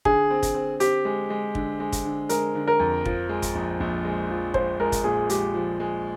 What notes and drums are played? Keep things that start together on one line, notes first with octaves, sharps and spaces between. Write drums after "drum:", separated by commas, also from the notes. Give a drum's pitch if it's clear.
D3 G#4, drum: kick
C4
drum: kick, hi-hat
C4
C4 G4, drum: hi-hat
G#3
G#3
D3, drum: kick
G#3
drum: kick, hi-hat
D3
G#3 A#4, drum: hi-hat
D3
A#4
F2
F3, drum: kick
G#3
drum: kick, hi-hat
A#1
A#1
G#3
F3
F3 C5, drum: kick
G#3 A#4
drum: kick, hi-hat
A#2 G#4
G#3 G4, drum: hi-hat
F3
G#3